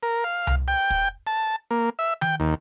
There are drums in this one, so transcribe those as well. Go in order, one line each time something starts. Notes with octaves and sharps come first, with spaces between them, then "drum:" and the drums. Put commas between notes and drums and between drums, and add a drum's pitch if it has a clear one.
A#4
F5
drum: tom C2
G5
drum: kick
A5
A#3
E5
G5, drum: tom D#3
D#2